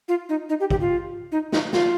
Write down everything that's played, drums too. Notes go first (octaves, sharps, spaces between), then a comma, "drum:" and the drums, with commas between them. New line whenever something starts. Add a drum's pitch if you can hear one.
F4
D#4
D#4
G4
G4, drum: kick
F4
D#4
D#4, drum: snare
F4, drum: snare